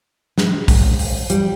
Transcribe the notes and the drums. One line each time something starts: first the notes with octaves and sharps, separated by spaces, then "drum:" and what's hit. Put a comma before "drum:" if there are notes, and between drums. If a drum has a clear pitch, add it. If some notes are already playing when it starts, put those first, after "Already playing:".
G#3, drum: snare
drum: kick, open hi-hat
drum: open hi-hat
G3, drum: hi-hat